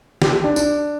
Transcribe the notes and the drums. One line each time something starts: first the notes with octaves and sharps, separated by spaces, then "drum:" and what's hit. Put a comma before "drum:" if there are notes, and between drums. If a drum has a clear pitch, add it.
G4, drum: snare
G4
D4
D4, drum: tambourine